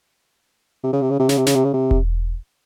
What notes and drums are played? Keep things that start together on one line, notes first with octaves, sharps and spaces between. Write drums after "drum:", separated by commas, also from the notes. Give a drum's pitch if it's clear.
C3
C#3
C3
C#3
C3
C#3, drum: snare
C3
C#3, drum: snare
C3
C#3
C3
drum: kick E1